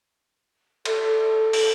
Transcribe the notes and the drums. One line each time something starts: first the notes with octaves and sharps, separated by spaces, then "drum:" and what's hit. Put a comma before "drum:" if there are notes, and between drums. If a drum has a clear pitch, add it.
A4, drum: cymbal
drum: open hi-hat